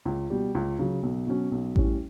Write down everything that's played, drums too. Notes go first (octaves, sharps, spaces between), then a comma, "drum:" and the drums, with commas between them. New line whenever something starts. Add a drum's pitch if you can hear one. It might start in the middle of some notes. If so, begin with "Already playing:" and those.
C#2
B2 G3
C#2
C#3 F#3
B1
B2 F#3 C#4
B1
A2 G3 C#4, drum: kick A1